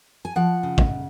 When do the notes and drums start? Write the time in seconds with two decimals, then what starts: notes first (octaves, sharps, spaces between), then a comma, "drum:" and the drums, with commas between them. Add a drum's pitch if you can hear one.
0.25 G#5
0.36 F3 F#5
0.63 C#3
0.78 drum: kick